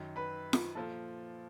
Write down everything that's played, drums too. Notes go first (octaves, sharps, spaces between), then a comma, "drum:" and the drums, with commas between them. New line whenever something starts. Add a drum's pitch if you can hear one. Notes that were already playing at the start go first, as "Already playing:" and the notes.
Already playing: F#2 D#3 F#3
B4 B5
drum: snare F4
A#2 F3 A4 A5